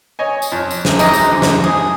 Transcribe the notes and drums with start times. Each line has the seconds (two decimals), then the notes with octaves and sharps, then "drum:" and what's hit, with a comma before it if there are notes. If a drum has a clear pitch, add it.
0.19 C#5 D#5 G#5
0.42 drum: tambourine
0.52 F2
0.71 drum: tambourine
0.85 drum: snare
0.99 E3 F#3 G#3 D#4 C5, drum: tambourine
1.13 drum: tambourine
1.27 D#2 D3 G#3
1.42 drum: snare
1.64 G#4